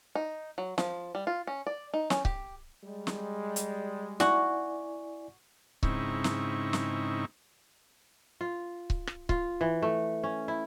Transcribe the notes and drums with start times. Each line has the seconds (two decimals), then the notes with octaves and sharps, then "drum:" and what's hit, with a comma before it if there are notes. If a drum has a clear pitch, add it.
0.15 D#4
0.58 F#3
0.78 F3, drum: snare
1.15 G3
1.27 F4
1.47 C#4
1.67 D5
1.94 D#4
2.10 C#4, drum: snare
2.25 G4, drum: kick C#1
2.84 G3 G#3
3.07 drum: snare
3.56 drum: hi-hat
4.20 E4 F#4 D5 G#5, drum: snare
5.83 G#2 C#3 C4 D#4 E4 C#6, drum: kick C#1
6.24 drum: snare
6.73 drum: snare
8.41 F4
8.90 drum: kick C#1
9.07 drum: rim click
9.29 F4, drum: kick C#1
9.61 E3
9.82 A3
10.24 C#4
10.48 E4